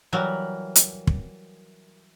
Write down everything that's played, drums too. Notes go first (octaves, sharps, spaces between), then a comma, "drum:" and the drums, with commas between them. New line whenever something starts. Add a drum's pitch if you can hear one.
E3 F#3 G3 A#4
drum: hi-hat
drum: kick